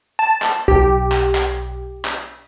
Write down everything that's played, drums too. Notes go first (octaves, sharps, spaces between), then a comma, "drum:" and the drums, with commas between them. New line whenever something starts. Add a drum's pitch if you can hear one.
A5
drum: clap
B1 G4, drum: kick
drum: clap
drum: clap
drum: clap